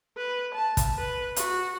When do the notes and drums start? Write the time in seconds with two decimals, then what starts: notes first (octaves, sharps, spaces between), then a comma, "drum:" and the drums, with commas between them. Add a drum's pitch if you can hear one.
0.18 B4
0.55 A5
0.77 drum: kick, hi-hat
0.98 B4
1.36 F#4, drum: hi-hat